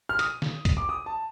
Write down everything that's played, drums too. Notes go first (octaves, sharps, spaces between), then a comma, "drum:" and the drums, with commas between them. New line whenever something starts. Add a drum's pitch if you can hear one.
F6
D#6, drum: hi-hat
drum: snare
drum: kick, hi-hat
D6
D#6
A5